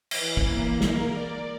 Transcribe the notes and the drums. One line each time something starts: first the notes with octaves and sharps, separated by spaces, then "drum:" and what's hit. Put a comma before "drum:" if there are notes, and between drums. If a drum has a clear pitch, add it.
E3, drum: cymbal
drum: kick
A#3
A#4, drum: snare
D5